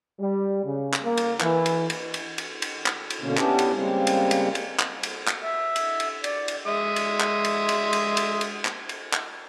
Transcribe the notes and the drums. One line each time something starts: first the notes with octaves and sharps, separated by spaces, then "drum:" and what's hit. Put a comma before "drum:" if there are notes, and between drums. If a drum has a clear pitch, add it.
G3
C#3
drum: clap
A#3
drum: cymbal
E3, drum: clap
drum: cymbal
drum: cymbal
drum: cymbal
drum: cymbal
drum: cymbal
drum: clap
drum: cymbal
B2 D3 A#3 C#4
B3 C#4 D4 E4 G4, drum: clap
drum: cymbal
C#3 G3 G#3 A#3 C4
drum: cymbal
drum: cymbal
drum: cymbal
drum: clap
drum: cymbal
drum: clap
E5
drum: cymbal
drum: cymbal
D5, drum: cymbal
drum: cymbal
G#3 E5 D#6
drum: cymbal
drum: clap
drum: cymbal
drum: cymbal
drum: cymbal
drum: cymbal
drum: cymbal
drum: clap
drum: cymbal
drum: clap